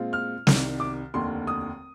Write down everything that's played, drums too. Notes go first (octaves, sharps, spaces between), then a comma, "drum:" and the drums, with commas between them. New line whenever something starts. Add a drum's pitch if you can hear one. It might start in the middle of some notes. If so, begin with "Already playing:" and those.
Already playing: A#2 G#3 C4 F4
F6
C2 C3 D#3, drum: snare
D6
F1 D#2 D3 C6
D#6